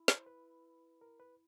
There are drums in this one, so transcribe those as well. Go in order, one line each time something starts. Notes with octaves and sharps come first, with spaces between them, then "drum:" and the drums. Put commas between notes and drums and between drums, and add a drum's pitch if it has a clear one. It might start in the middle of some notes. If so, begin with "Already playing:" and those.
Already playing: E4
C5, drum: snare
B4
A#4
B4